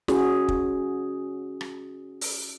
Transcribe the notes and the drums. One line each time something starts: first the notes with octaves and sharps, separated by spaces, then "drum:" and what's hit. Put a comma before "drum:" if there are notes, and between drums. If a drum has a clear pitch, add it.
C#4 F#4 G#4, drum: snare
drum: kick
drum: rim click
drum: open hi-hat